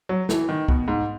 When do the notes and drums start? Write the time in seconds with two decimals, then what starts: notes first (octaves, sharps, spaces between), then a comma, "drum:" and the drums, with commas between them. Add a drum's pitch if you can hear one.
0.09 F#3
0.29 E3, drum: snare
0.49 D#3
0.68 B2, drum: kick
0.88 G#2